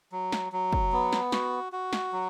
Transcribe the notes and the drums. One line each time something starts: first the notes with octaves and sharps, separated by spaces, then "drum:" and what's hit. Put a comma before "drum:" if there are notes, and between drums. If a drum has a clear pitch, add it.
F#3
drum: snare
F#3
drum: kick
B3
drum: snare
F#4, drum: snare
F#4
drum: snare
F#3